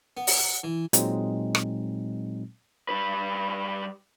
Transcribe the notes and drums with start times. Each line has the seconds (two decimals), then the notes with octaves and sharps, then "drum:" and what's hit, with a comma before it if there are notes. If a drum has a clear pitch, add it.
0.17 B3
0.27 drum: open hi-hat
0.39 F#5
0.63 E3
0.93 A#2 F#3 G#3 C4 D#4, drum: hi-hat
1.55 drum: rim click
2.89 G3 B4